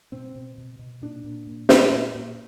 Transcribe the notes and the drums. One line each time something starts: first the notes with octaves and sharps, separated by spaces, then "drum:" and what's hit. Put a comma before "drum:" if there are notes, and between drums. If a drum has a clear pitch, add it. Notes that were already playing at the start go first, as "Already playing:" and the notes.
B2 C4
B2
B2
B2
A#2 D4
A#2
A#2
A#2, drum: snare
A#2
A#2